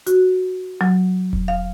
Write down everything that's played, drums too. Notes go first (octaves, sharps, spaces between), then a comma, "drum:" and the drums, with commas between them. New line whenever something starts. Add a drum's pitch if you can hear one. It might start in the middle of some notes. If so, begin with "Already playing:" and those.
F#4, drum: hi-hat
F#3
drum: kick E1
F5